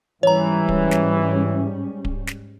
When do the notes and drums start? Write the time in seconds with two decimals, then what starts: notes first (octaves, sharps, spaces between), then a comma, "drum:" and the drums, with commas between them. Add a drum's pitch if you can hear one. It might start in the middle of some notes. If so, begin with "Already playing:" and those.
0.23 G#2 E3 G3 C#4 C#5 A#5
0.69 drum: kick D1
0.91 drum: snare
2.05 drum: kick D1
2.27 drum: snare